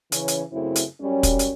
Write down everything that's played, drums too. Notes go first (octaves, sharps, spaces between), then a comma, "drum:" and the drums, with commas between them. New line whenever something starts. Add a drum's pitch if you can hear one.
C#3 E3 C#4, drum: hi-hat
drum: hi-hat
F#2 C#3 A3 C4 E4
drum: hi-hat
F#2 G3 C#4
drum: kick, hi-hat
drum: hi-hat